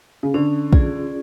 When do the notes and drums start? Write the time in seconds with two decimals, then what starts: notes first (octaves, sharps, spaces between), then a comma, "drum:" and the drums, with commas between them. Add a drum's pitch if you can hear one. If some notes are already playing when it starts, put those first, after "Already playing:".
0.23 C#3
0.34 D3 C#4
0.73 F4 G#4 D5, drum: kick